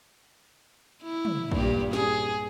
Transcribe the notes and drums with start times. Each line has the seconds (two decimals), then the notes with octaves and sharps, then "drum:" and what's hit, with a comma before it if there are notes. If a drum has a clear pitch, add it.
1.02 E4
1.25 drum: tom
1.52 G2 A#2 G4, drum: kick
1.93 G#4, drum: snare